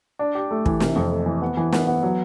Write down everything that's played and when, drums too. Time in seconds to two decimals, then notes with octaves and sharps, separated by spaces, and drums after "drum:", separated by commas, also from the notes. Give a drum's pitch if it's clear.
0.19 D4
0.35 G4
0.51 A3
0.66 E3, drum: kick
0.80 C3, drum: snare
0.96 F2
1.11 A3
1.26 E3
1.42 B3
1.57 E3
1.72 B3, drum: snare
1.87 B3
2.03 F#3